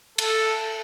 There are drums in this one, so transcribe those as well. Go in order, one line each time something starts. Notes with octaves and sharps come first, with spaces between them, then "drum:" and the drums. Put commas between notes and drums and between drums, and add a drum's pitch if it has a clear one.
A4, drum: cymbal